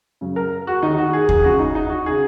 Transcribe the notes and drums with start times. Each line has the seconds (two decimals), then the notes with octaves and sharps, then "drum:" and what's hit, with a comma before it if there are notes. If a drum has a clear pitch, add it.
0.21 F#2 C#3
0.36 A#4
0.67 F#4
0.83 D#2 D#3 D#4
0.98 F#4
1.13 G#4
1.29 G#4, drum: kick D#2
1.44 C#2 C#3 F#4
1.59 D#4
1.75 D#4
1.90 F#4
2.06 C#3 G#4